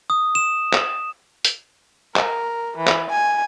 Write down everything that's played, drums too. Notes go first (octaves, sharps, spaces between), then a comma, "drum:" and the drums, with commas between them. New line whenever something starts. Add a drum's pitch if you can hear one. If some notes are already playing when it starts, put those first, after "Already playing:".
D#6
E7
drum: clap
drum: hi-hat
A#4, drum: clap
E3
drum: clap
G#5